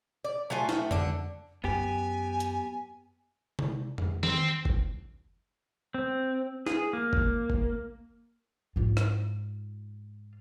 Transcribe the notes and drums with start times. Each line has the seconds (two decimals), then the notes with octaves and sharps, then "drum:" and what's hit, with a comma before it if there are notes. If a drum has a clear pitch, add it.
0.24 D5
0.50 F#3 A3 F4 G#5
0.69 A3 G5, drum: snare
0.91 D3 D4, drum: tom F2
1.64 F#2 B3 G4 G#5
2.40 drum: hi-hat
3.59 drum: tom C3
3.98 drum: tom F2
4.23 C4, drum: tom D#3
4.65 drum: kick
5.94 C4
6.67 G#4, drum: snare
6.93 A#3
7.13 drum: kick
7.50 drum: kick
8.76 G#2 F4
8.97 drum: rim click